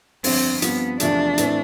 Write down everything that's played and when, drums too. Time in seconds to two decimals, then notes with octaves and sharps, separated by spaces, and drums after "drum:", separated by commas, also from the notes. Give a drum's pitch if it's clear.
0.24 G1 F2 D3 C4, drum: open hi-hat
0.62 G2 F3 B3 C4, drum: hi-hat
1.00 E2 C3 F3 A3 D4, drum: hi-hat
1.38 A2 E3 A3 C4, drum: hi-hat